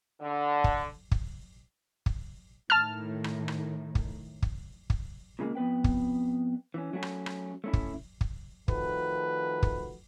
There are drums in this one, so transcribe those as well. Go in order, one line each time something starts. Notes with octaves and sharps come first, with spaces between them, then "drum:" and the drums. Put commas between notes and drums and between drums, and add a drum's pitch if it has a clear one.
D3
drum: kick
drum: kick
drum: kick
A2 D#3 A5 F6
drum: rim click
drum: rim click
drum: kick
drum: kick
drum: kick
A#2 C#3 G#3 A#3
F2 B3 B4 G5
drum: kick
E3 C#4
F#3 A3 C#4
drum: rim click
drum: rim click
A3 C#4 E4
drum: kick
drum: kick
D#3 F3 A3 F#4 B4, drum: kick
drum: kick